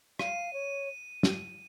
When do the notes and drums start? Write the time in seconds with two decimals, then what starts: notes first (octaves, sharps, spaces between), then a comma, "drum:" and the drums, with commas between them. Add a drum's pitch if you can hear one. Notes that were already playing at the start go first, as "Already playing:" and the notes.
0.19 F5 D#7, drum: rim click
0.53 C#5
1.23 drum: snare